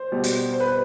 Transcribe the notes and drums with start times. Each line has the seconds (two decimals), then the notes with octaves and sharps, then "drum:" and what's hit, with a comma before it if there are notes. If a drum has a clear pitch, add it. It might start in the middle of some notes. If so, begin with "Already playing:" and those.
Already playing: C5
0.12 B2 G3
0.24 drum: hi-hat
0.53 C5
0.60 B4